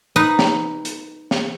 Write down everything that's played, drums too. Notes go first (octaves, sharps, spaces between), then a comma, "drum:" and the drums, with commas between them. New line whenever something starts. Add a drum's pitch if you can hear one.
D#4 B4
drum: snare
drum: hi-hat
drum: snare